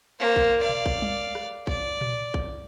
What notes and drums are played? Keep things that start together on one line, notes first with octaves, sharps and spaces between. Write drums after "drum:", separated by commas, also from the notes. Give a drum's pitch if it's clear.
A#3 C5
drum: kick
D5 F5
drum: tom B2
drum: kick
drum: tom G3
drum: rim click
D5, drum: kick
drum: tom A#2
drum: kick